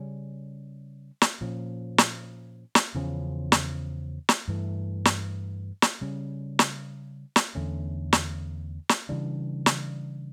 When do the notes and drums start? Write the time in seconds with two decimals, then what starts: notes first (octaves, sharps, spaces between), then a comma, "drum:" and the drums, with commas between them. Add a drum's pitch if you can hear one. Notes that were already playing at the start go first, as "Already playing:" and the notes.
Already playing: C#3 G3 C#4
1.22 drum: snare
1.41 A#2 F3 C#4
1.98 drum: snare
2.75 drum: snare
2.95 E2 C#3 F3 C#4
3.52 drum: snare
4.29 drum: snare
4.48 G2 E3 A3
5.05 drum: snare
5.82 drum: snare
6.01 C#3 G3 C#4
6.59 drum: snare
7.36 drum: snare
7.55 E2 D3 A3 C#4
8.13 drum: snare
8.89 drum: snare
9.09 C#3 E3 G3 D4
9.66 drum: snare